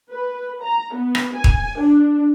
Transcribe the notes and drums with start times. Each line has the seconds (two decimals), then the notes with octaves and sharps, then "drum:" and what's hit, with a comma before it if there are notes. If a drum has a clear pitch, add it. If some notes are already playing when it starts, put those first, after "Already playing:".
0.11 B4
0.63 A#5
0.94 B3
1.15 drum: rim click
1.34 G#5
1.44 drum: kick D#1
1.80 D4